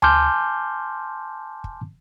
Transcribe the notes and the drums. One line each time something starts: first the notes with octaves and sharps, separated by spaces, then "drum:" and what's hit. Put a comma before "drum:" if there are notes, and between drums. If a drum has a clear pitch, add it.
G#5 A5 C6 D6 F6 G6, drum: tom D2
drum: kick